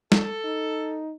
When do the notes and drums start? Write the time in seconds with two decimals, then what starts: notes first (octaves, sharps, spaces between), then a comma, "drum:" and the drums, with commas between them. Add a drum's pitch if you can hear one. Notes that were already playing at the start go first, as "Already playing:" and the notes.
0.12 A4, drum: snare
0.44 D#4